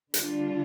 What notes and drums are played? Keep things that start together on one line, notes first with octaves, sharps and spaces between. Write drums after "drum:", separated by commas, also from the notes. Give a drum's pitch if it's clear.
D3 G3 D4 F4, drum: hi-hat